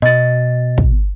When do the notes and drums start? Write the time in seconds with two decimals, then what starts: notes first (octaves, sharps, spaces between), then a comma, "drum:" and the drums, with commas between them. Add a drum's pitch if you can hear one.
0.02 B2 D#5 A6
0.78 drum: kick